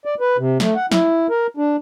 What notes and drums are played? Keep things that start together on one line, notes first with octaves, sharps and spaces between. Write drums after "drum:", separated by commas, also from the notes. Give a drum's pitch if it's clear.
D5
B4
C3
A3, drum: snare
F#5
E4, drum: snare
A#4
D4